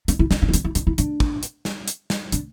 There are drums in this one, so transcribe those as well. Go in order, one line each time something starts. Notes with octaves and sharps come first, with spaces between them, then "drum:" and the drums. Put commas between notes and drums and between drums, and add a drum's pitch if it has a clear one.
D4, drum: hi-hat
E4
D4, drum: snare
D4
E4
D4, drum: hi-hat
E4
D4, drum: hi-hat
E4
D4, drum: hi-hat
drum: kick
drum: hi-hat
drum: snare
drum: hi-hat
drum: snare
D4, drum: hi-hat